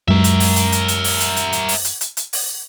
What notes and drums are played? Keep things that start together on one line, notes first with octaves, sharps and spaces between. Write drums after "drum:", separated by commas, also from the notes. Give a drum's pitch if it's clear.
F#2 F#3 G#3 A#4 E5
drum: hi-hat
drum: open hi-hat
drum: hi-hat
drum: hi-hat
drum: hi-hat
drum: open hi-hat
drum: hi-hat
drum: hi-hat
drum: hi-hat
drum: open hi-hat
drum: hi-hat
drum: hi-hat
drum: hi-hat
drum: open hi-hat